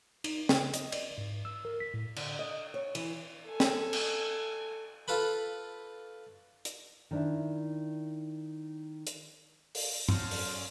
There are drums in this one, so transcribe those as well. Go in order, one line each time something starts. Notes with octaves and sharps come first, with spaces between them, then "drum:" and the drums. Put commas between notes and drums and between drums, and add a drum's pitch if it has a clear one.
D#4, drum: cymbal
C#3, drum: snare
D#5, drum: hi-hat
D5, drum: cymbal
G#2
E6
A#4
B6
A2
D3, drum: cymbal
D#5
C#5
E3, drum: cymbal
A4 G#5
drum: snare
drum: cymbal
F4 A4 B4 B5
drum: hi-hat
D#3 D4 E4
drum: hi-hat
drum: open hi-hat
F#3 C#4 C5 F5 A5, drum: tom
drum: open hi-hat